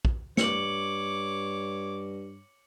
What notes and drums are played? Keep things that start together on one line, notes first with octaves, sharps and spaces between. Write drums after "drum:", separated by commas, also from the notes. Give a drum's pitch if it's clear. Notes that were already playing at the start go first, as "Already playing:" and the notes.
drum: kick A#1
G2 C#5 D6 C#7 F#7, drum: snare